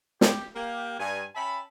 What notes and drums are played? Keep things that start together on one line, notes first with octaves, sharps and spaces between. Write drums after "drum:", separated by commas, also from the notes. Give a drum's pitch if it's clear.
G4, drum: snare
A#3 G4
G2 G#5
C#4 E5 G5 A5 B5